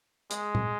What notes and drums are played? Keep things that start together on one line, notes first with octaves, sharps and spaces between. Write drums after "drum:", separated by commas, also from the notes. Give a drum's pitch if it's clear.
G#3, drum: hi-hat
drum: tom